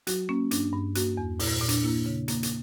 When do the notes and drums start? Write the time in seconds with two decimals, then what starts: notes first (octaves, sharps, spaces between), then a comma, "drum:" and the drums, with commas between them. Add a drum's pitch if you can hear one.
0.07 F#3 F#4, drum: hi-hat
0.29 A#3 C#4
0.51 G2 D4, drum: hi-hat
0.73 G2
0.95 A#3 F#4, drum: hi-hat
1.17 E2
1.40 A#2 E4, drum: open hi-hat
1.61 A#2
1.69 D4, drum: hi-hat
1.84 A#3 E4
2.06 C#3
2.28 A#3, drum: hi-hat
2.43 drum: hi-hat